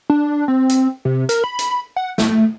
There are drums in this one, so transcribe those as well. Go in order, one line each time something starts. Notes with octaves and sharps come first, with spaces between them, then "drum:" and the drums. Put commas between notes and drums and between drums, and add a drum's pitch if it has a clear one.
D4
C4
drum: hi-hat
C3
A#4, drum: hi-hat
B5
drum: hi-hat
F#5
A3, drum: snare